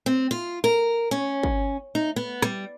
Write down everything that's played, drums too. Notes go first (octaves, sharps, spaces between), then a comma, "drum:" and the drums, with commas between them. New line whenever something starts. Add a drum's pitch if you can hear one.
C4
F4
A#4
C#4
drum: kick
D#4
B3
G3, drum: rim click